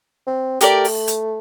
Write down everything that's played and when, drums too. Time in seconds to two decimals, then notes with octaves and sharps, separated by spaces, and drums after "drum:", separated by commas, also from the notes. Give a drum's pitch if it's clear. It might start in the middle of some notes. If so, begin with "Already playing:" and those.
0.27 C4
0.61 A3 G4 A#4 D5, drum: hi-hat
0.85 drum: open hi-hat
1.08 drum: hi-hat